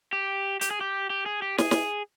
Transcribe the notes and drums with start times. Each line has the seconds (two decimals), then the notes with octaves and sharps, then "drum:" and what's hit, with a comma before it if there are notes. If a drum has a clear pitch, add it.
0.13 G4
0.61 G4, drum: hi-hat
0.71 G#4
0.81 G4
1.10 G4
1.26 G#4
1.42 G4
1.58 G#4, drum: snare
1.71 drum: snare